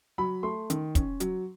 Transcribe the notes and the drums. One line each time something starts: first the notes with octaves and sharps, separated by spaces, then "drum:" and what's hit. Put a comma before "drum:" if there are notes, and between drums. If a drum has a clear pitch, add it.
F#3 B5
A3 C6
D#3, drum: hi-hat
C#4, drum: kick, hi-hat
F#3, drum: hi-hat